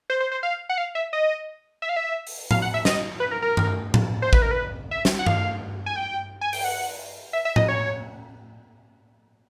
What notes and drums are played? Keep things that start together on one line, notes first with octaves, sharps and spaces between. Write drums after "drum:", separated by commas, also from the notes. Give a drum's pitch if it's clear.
C5
C5
C5
F5
F#5
F5
E5
D#5
E5
F5
E5
drum: open hi-hat
F5, drum: tom A2
F#5
E5
D#5, drum: snare
B4
A#4
A#4
drum: tom G2
drum: tom A2
C5
B4, drum: kick
A#4
B4
E5
drum: snare
F#5
F5, drum: tom G2
G#5
G5
G#5
G5, drum: open hi-hat
F#5
E5
E5
D#5, drum: tom A2
C#5